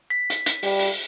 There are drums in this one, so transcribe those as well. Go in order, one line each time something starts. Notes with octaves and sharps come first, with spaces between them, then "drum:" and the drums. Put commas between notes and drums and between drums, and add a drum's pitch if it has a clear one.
B6
drum: hi-hat
drum: hi-hat
G3, drum: open hi-hat
drum: open hi-hat